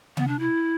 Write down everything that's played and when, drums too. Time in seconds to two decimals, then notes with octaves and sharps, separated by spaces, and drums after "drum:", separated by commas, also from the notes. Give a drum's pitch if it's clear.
0.17 B3, drum: tom C3
0.28 D4
0.39 E4